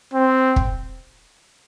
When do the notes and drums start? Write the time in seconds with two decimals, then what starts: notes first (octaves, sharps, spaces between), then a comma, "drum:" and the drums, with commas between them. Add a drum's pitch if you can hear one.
0.14 C4
0.56 drum: kick